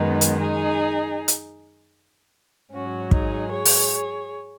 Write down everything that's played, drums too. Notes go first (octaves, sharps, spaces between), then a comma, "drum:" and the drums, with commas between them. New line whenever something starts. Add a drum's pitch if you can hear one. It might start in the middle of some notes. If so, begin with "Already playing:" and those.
Already playing: F#2 D#3 G#3 B3 D#4
drum: hi-hat
D#4 G#4
drum: hi-hat
G#2 F#3 C#4 F#4
D#4 G#4, drum: kick
G#4 C#5
drum: open hi-hat